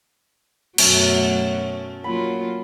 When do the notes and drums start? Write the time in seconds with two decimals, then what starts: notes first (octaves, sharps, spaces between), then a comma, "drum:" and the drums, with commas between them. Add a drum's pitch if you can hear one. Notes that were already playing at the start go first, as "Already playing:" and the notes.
0.78 F#2 B2 F#3 A3 C#4, drum: cymbal
2.04 F#3 A#3 F4 B5